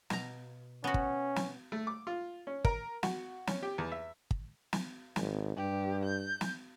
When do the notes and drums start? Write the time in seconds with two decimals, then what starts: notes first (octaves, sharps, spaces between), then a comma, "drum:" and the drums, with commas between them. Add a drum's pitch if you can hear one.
0.10 B2 A#5, drum: snare
0.84 B3 C#4 F#4
0.94 drum: kick
1.36 drum: snare
1.72 A3
1.87 D6
2.07 F4
2.47 C#4
2.65 A#4, drum: kick
3.03 F#4, drum: snare
3.47 C#4, drum: snare
3.63 G4
3.78 E2
3.92 E5
4.31 drum: kick
4.73 drum: snare
5.16 G#1, drum: snare
5.57 G2 G4
6.05 G6
6.41 drum: snare